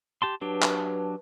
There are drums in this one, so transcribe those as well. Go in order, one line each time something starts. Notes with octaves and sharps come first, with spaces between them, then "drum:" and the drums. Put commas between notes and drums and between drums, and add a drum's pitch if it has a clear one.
G4 A5 C6
F#3 D4 G4 B4 A5
drum: clap